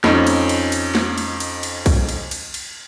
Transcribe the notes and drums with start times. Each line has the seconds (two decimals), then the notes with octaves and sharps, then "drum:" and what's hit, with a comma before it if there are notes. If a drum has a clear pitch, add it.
0.04 F2 C#4 D#4, drum: snare
0.27 drum: cymbal
0.49 drum: cymbal
0.72 drum: cymbal
0.95 drum: snare
1.18 drum: cymbal
1.40 drum: cymbal
1.63 drum: cymbal
1.86 drum: kick B1, cymbal
2.09 drum: cymbal
2.31 drum: cymbal
2.54 drum: cymbal